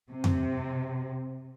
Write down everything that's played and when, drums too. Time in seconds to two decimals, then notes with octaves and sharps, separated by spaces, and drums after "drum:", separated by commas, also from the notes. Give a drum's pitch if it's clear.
0.10 C3
0.24 drum: tom F2